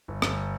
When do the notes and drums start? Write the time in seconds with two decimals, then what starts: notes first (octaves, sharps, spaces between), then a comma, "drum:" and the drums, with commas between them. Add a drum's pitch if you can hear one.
0.08 G1
0.22 G1, drum: rim click